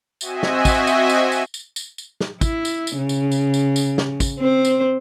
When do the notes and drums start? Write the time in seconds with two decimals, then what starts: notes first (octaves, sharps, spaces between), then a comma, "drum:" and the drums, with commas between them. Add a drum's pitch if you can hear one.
0.21 C4 F#4 D#5 E5 G#5, drum: tambourine
0.43 drum: snare
0.65 drum: kick, tambourine
0.87 drum: tambourine
1.10 drum: tambourine
1.32 drum: tambourine
1.54 drum: tambourine
1.76 drum: tambourine
1.98 drum: tambourine
2.20 drum: snare
2.41 E4, drum: kick, tambourine
2.65 drum: tambourine
2.87 drum: tambourine
2.98 C#3
3.09 drum: tambourine
3.31 drum: tambourine
3.54 drum: tambourine
3.76 drum: tambourine
3.98 drum: snare
4.20 drum: kick, tambourine
4.39 C4 C5
4.65 drum: tambourine